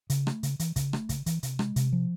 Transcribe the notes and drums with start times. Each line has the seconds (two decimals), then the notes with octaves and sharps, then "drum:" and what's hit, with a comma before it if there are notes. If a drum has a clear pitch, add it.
0.10 C#3, drum: hi-hat
0.27 A3, drum: rim click
0.43 C#3, drum: hi-hat
0.59 E3, drum: hi-hat
0.76 C#3, drum: kick, hi-hat
0.93 A3, drum: rim click
1.09 C#3, drum: kick, hi-hat
1.26 E3, drum: hi-hat
1.43 C3, drum: hi-hat
1.59 G#3, drum: rim click
1.76 C3, drum: hi-hat
1.93 F3